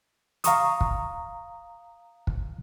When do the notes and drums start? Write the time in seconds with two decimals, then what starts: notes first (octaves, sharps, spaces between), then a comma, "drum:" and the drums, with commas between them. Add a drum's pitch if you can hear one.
0.44 F5 A#5 C#6 D#6, drum: hi-hat
0.81 drum: kick
2.27 drum: kick